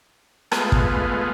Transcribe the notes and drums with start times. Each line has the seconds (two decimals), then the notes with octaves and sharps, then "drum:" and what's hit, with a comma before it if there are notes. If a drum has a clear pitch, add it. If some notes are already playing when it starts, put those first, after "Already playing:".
0.52 G#3 A3 B3 F4, drum: rim click
0.72 drum: kick